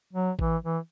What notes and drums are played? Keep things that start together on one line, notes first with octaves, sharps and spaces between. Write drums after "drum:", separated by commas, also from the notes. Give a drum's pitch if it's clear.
F#3
E3, drum: kick A1
E3